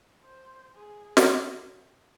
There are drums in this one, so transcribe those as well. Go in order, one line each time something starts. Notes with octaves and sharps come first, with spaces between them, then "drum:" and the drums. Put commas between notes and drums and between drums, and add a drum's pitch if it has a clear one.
C5
G#4
drum: snare